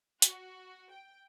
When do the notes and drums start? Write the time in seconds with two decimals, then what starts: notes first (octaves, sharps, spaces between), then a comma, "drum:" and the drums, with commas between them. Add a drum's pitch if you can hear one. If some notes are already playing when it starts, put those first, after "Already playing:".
0.22 F#4, drum: hi-hat
0.92 G5